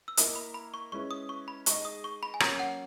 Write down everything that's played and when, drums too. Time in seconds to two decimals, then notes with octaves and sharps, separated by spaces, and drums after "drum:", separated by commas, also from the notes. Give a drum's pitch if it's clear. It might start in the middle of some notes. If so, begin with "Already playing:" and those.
0.08 E6
0.17 A#3 E4 A#4 D#5 D#6, drum: hi-hat
0.36 B5
0.54 B5
0.74 C#6
0.92 G#3 C#4 E4 B4 C#6
1.11 D#6
1.29 C#6
1.48 B5
1.66 G#3 D#4 G#4 D#5 C#6, drum: hi-hat
1.85 D#6
2.04 C#6
2.23 B5
2.34 G#5
2.40 F#3 A#3 C#4 F#4 C#5 A#5, drum: rim click
2.60 F#5